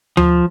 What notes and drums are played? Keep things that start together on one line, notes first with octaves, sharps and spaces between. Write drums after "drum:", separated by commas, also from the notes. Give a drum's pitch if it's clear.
F3, drum: tom D2